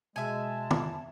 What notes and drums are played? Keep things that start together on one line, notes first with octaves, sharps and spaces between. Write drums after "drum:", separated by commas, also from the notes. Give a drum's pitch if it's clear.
B2 G#3 E5 G#5 A5
drum: tom